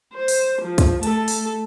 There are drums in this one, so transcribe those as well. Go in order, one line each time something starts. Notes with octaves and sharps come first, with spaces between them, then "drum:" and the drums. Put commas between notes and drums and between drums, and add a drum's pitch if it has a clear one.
C5
drum: open hi-hat
F3
drum: kick, hi-hat
A3 A4, drum: hi-hat
drum: open hi-hat